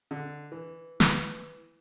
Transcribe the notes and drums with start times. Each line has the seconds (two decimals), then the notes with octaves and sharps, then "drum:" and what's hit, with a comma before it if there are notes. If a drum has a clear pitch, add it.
0.11 D3
0.52 E3
1.00 E3, drum: snare